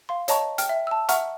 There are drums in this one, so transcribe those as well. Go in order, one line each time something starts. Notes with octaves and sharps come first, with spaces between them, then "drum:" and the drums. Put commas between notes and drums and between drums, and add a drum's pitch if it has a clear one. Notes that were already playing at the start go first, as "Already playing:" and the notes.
F5 C6
C#5 D#5 A5 A#5 C#6, drum: hi-hat
G5 F6, drum: hi-hat
E5
A5 E6
E5 F#5 A#5 C#6 F6, drum: hi-hat